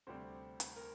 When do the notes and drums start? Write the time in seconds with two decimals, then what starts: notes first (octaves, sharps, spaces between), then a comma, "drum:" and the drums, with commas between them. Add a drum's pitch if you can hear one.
0.07 D2 C3 G3 C4 C5
0.60 drum: hi-hat
0.76 A#4